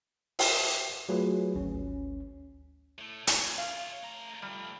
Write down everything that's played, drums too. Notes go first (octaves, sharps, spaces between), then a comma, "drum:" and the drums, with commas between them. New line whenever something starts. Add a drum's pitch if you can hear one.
E5 G5, drum: open hi-hat
F#3 A3 F4 F#4 G#4 B4
G#1 D2 C#4
A2 A3
F4 C#5, drum: hi-hat
F5
A3 A#5
F3 G3 A3